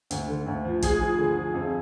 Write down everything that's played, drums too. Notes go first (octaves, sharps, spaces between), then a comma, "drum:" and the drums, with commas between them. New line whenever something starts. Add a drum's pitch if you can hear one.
D2, drum: hi-hat
D3
D2
F3
F3 G#4, drum: kick, hi-hat
F3
D3
F3
F2